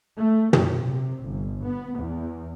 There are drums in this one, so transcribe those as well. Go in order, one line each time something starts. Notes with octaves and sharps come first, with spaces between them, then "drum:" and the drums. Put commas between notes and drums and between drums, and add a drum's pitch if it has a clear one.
A3
F#2, drum: tom
C3
G1
B3
E2